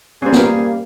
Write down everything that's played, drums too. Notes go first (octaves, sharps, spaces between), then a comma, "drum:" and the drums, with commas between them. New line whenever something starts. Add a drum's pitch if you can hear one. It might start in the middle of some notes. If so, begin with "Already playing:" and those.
G3 A#3 C#4 G#4 C5
drum: snare